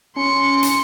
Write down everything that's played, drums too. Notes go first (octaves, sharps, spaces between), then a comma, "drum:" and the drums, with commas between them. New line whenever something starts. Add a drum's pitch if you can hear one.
C#4 C6 C#7
drum: hi-hat